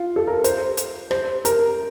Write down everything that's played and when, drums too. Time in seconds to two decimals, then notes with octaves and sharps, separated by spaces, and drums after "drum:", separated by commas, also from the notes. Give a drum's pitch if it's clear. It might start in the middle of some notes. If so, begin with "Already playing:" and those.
Already playing: F4
0.16 A4
0.27 A#4
0.44 C5, drum: hi-hat
0.77 drum: hi-hat
1.11 C5, drum: rim click
1.45 A#4, drum: hi-hat